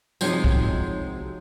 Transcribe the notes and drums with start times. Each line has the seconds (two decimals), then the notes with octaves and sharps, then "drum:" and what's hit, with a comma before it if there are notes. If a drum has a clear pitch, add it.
0.21 C3 F3 F#3 G#3 D#4, drum: tambourine
0.44 drum: kick